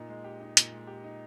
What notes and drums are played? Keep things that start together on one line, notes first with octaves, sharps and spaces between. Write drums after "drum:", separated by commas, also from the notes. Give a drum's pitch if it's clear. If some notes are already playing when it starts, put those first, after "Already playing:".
Already playing: A#2 D#4
G#3
G4
D#4
A#2, drum: hi-hat
G#3
G4
D#4